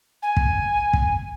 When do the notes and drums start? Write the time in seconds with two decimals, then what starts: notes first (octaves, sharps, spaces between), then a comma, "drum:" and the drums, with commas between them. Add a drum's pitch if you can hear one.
0.22 G#5
0.37 drum: kick
0.93 drum: kick